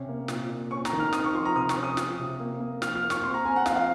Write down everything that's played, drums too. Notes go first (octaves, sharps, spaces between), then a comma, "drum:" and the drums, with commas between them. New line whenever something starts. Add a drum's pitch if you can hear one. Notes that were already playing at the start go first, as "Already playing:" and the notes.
Already playing: C3 C#4
A#3
A#2, drum: snare
A#2
C#4 C#6
A#5, drum: snare
D#3
F6
C4 D#6, drum: snare
C#6
F3 C6
A#5
C3 D#6
C#6, drum: snare
C#4
D#6
F3, drum: snare
C3
A#3
A#3
F3 F6, drum: snare
F6
A#3
C#6, drum: snare
C4 C6
A#5
C4 G#5
F#5
F3 F5, drum: snare
F5